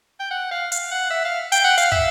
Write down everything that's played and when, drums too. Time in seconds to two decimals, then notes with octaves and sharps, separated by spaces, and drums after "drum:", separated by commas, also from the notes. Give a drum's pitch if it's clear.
0.20 G5
0.31 F#5
0.51 F5
0.72 F5, drum: hi-hat
0.91 F#5
1.11 E5
1.25 F5
1.52 G5, drum: hi-hat
1.64 F#5
1.78 F5, drum: hi-hat
1.92 E5, drum: kick